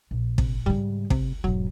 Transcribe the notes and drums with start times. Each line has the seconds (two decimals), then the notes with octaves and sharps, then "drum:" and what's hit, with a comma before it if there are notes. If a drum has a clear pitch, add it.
0.11 A#1
0.38 C3, drum: kick
0.66 G#2 C#3 G3
1.10 C#2 C3, drum: kick
1.44 E1 G#2 F#3